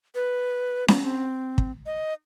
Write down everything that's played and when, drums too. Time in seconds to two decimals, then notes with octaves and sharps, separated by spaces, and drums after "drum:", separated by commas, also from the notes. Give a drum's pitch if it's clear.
0.15 B4
0.88 B3, drum: snare C#4
1.03 C4
1.58 drum: kick
1.86 D#5